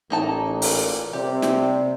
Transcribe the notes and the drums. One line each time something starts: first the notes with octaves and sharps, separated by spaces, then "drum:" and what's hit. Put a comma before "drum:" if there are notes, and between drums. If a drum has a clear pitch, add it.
A1 A#3 D#4 A5
A#2, drum: open hi-hat
C3 G3 G4
drum: snare